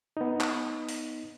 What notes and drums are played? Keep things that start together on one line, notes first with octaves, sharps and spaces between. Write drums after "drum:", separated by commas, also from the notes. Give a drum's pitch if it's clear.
B3 D#4
drum: clap
drum: open hi-hat